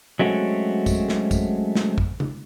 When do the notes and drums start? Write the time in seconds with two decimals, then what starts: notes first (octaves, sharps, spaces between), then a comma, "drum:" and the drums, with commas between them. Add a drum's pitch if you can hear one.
0.19 F#3 G#3 A3 C4 C#4 F#4
0.86 drum: kick, tambourine
1.09 drum: snare
1.31 drum: kick, tambourine
1.75 drum: snare
1.98 drum: kick
2.20 drum: tom C#3